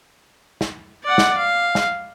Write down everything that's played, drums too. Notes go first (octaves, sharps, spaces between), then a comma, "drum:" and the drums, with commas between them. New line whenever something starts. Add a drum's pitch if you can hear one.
drum: snare
D5 F#5
drum: snare
F5
drum: snare